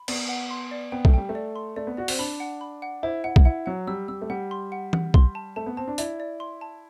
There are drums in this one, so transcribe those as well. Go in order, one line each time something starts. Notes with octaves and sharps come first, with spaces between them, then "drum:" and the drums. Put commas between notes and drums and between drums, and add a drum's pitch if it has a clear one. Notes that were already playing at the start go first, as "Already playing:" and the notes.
Already playing: B5
B3 D5, drum: cymbal
F#5
C6
D5
B3 G5
A3, drum: kick B1
G3 G5
A3
D5
C6
A3 D5
B3
F#4 D5
C4, drum: open hi-hat
D4 B5
F#5
B5
F#5
E4 C5
E4 F#5
drum: kick B1
E4 F#5
F#3 F#5
G3 E6
G3 E6
A3
G3 F#5
C6
F#5
F#5, drum: tom E3
C6, drum: kick B1
A5
A3 A5
B3
C4 A5
D4
E4 D5, drum: hi-hat
D5
C6
A5